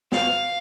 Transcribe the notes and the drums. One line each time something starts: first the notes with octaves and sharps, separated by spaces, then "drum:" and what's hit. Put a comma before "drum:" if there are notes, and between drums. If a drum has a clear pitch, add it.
F5, drum: snare